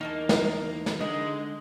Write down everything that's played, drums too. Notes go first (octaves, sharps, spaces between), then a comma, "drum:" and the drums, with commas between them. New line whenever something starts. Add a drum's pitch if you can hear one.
E2 A#3 D#4 A#4 D#5 A5
drum: snare
drum: snare
D3 G#3 D#4 A#4 D#5